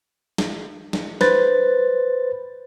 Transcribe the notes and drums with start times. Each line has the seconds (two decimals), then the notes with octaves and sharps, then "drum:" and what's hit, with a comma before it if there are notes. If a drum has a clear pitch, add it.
0.38 drum: snare
0.93 drum: snare
1.21 B4 C5 A6, drum: snare